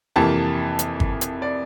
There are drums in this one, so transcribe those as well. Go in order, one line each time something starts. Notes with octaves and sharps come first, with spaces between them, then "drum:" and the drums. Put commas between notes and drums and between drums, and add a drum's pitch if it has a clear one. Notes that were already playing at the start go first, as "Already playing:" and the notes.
F2 C3 E3 A#3 A5
drum: hi-hat
drum: kick G1
drum: hi-hat
D5